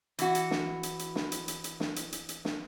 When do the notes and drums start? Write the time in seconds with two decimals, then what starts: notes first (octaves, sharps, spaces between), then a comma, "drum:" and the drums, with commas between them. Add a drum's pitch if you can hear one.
0.19 E3 F#4, drum: hi-hat
0.35 drum: hi-hat
0.51 drum: snare
0.83 drum: hi-hat
0.99 drum: hi-hat
1.16 drum: snare
1.32 drum: hi-hat
1.48 drum: hi-hat
1.64 drum: hi-hat
1.80 drum: snare
1.96 drum: hi-hat
2.12 drum: hi-hat
2.29 drum: hi-hat
2.45 drum: snare